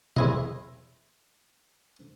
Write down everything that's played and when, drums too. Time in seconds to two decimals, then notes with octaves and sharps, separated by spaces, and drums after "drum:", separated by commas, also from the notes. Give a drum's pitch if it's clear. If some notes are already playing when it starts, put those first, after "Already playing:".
0.16 E2 E4 D#5, drum: tom B2